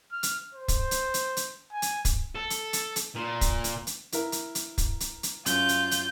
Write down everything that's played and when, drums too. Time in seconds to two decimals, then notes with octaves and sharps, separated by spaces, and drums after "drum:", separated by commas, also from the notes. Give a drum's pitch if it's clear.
0.12 F6
0.23 drum: hi-hat
0.55 C5
0.68 drum: kick, hi-hat
0.91 drum: hi-hat
1.14 drum: hi-hat
1.37 drum: hi-hat
1.73 G#5
1.82 drum: hi-hat
2.05 drum: kick, hi-hat
2.35 A4
2.50 drum: hi-hat
2.73 drum: hi-hat
2.96 drum: hi-hat
3.15 A#2
3.41 drum: kick, hi-hat
3.64 drum: hi-hat
3.87 drum: hi-hat
4.12 E4 A#4, drum: hi-hat
4.32 drum: hi-hat
4.55 drum: hi-hat
4.78 drum: kick, hi-hat
5.00 drum: hi-hat
5.23 drum: hi-hat
5.46 F#2 F4 G6, drum: hi-hat
5.69 drum: hi-hat
5.91 drum: hi-hat